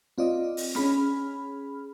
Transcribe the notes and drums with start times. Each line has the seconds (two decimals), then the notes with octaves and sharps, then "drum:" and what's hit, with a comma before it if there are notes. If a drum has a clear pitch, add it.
0.18 C4 F4 D5 D#5
0.57 drum: open hi-hat
0.75 C#4 G#4 B5 F6, drum: snare